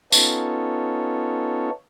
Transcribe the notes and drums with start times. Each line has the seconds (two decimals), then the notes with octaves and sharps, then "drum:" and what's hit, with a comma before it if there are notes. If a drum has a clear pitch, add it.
0.12 B3 C#4 D#4 F4 A4 C#5, drum: tambourine